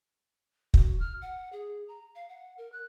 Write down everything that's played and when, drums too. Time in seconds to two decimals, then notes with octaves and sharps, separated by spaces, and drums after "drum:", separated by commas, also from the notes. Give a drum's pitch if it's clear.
0.74 F#4, drum: kick
1.00 F6
1.22 F#5
1.52 G#4
1.88 A#5
2.15 F5
2.29 F#5
2.58 A#4
2.72 F#6